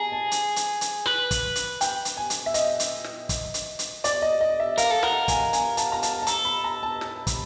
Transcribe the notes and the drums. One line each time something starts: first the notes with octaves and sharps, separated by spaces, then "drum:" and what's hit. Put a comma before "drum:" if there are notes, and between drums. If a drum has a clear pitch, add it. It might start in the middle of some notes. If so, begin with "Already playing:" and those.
Already playing: G#4 A5 A#5
A5
drum: hi-hat
drum: hi-hat
drum: hi-hat
B4, drum: snare
drum: kick, hi-hat
drum: hi-hat
G5, drum: hi-hat
drum: hi-hat
G#5
drum: hi-hat
E5
D#5, drum: hi-hat
drum: hi-hat
drum: snare
drum: kick, hi-hat
drum: hi-hat
drum: hi-hat
D5, drum: hi-hat
D#5
D#5
E5
A#4 F5, drum: hi-hat
A4
A#4 F#5, drum: snare
G#5, drum: kick, hi-hat
G#5, drum: hi-hat
A5, drum: hi-hat
A#5
A5, drum: hi-hat
A5
A4 A#5, drum: hi-hat
B5
A#5
A5
A5, drum: snare
B5, drum: kick, hi-hat